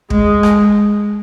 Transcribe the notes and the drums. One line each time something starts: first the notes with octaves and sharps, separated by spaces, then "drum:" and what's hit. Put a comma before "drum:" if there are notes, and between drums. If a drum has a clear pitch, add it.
G#3, drum: kick
drum: rim click